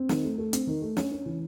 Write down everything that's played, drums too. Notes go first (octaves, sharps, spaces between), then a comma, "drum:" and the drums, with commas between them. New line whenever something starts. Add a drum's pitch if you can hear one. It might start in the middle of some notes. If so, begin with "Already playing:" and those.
Already playing: C4
D#3, drum: snare
A3
A3
C4, drum: hi-hat
D#3
A3
C#4, drum: snare
C#4
E3